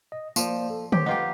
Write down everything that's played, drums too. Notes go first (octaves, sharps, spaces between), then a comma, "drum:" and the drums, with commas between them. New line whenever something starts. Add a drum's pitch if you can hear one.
D#5
F3 A#3 C5 D5, drum: tambourine
A4
G4 C5 C#5, drum: tom
D#4 F4 G4 B4 F#5